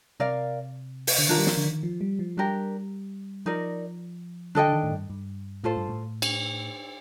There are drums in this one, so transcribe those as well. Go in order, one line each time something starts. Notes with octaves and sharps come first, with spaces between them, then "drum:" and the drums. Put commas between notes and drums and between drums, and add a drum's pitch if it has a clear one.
C3 A#4 D5 F5
drum: open hi-hat
D3
D#3 D4 F4 A#4
G3
F3, drum: snare
D3
D#3
F3
G3
F3
G3 D4 G4 A#4
F3 D#4 A#4 D5
D3 D4 A4 D#5 G5
D3
D#3
A2
G2
G2
A2 F4 A4 C5
G2
A2
drum: cymbal